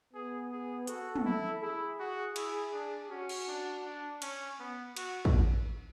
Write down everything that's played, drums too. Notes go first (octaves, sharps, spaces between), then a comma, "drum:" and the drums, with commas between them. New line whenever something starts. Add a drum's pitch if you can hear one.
B3 G#4
G#4
F#4 A4, drum: hi-hat
drum: tom
E4
E4 G#4
F#4
E4, drum: cymbal
D4
C#4 F#4
drum: cymbal
D4
D4
C#4, drum: cymbal
B3
F#4, drum: cymbal
drum: kick